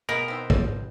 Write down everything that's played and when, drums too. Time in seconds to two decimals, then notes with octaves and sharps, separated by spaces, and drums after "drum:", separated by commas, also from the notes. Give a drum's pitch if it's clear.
0.09 B2 G#3 B3 A#4
0.28 D#3 C4
0.50 drum: kick